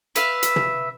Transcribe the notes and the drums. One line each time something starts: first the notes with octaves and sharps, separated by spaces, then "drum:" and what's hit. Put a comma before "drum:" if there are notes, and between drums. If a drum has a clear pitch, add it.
B4 E5 F5, drum: hi-hat
drum: hi-hat
drum: tom